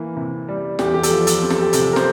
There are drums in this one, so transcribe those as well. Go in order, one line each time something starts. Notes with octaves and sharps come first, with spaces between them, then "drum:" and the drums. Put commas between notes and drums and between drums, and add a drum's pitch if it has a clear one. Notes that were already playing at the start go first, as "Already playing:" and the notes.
Already playing: E3 A#3
C3
G3
E2 G4, drum: snare
G4
A4, drum: hi-hat
F3
A4, drum: hi-hat
C4
A4, drum: snare
G4
C3 A4, drum: hi-hat
A#4
C5, drum: snare